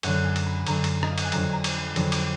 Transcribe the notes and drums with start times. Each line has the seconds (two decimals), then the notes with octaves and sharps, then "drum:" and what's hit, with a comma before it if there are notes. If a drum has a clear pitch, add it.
0.03 F#2 D3 F#3 F#5, drum: cymbal
0.24 G#5
0.36 drum: cymbal
0.46 B5
0.66 F#2 D3 F#3 A#5, drum: cymbal
0.84 drum: cymbal
1.03 D#5, drum: rim click
1.10 F5
1.18 F#5, drum: cymbal
1.25 G#5
1.32 F2 D3 F#3 D4 A#5, drum: cymbal
1.53 A#5
1.64 drum: cymbal
1.76 B5
1.96 F2 D3 F#3 D4 B5, drum: cymbal
2.12 D6, drum: cymbal